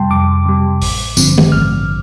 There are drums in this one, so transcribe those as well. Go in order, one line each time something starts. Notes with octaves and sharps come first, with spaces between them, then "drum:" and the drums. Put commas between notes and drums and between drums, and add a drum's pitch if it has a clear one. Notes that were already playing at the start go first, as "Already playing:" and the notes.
Already playing: F2 C3 G3 G5 A5 C6
F2 D6
C3 G3
A1, drum: open hi-hat
G2 D3 F3 C4, drum: tambourine
drum: tom
A1 F6